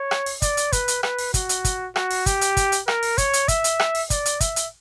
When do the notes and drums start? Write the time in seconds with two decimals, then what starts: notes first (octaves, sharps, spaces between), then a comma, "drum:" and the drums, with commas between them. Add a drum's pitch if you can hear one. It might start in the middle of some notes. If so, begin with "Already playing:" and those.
Already playing: C#5
0.11 drum: rim click
0.26 drum: open hi-hat
0.42 D5, drum: kick, hi-hat
0.57 drum: hi-hat
0.72 B4, drum: kick, hi-hat
0.88 drum: hi-hat
1.03 B4, drum: rim click
1.18 drum: open hi-hat
1.34 F#4, drum: kick, hi-hat
1.49 drum: hi-hat
1.65 drum: kick, hi-hat
1.96 F#4, drum: rim click
2.11 drum: open hi-hat
2.26 G4, drum: kick, hi-hat
2.41 drum: hi-hat
2.57 drum: kick, hi-hat
2.72 drum: hi-hat
2.88 A#4, drum: rim click
3.03 drum: open hi-hat
3.18 C#5, drum: kick, hi-hat
3.33 drum: hi-hat
3.48 E5, drum: kick, hi-hat
3.64 drum: hi-hat
3.79 drum: rim click
3.95 drum: open hi-hat
4.10 D5, drum: kick, hi-hat
4.26 drum: hi-hat
4.41 E5, drum: kick, hi-hat
4.56 drum: hi-hat